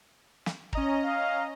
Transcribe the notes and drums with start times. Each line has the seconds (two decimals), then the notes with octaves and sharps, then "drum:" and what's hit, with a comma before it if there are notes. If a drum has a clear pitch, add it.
0.46 drum: snare
0.73 C#4 D#5 A#5, drum: kick
1.05 F5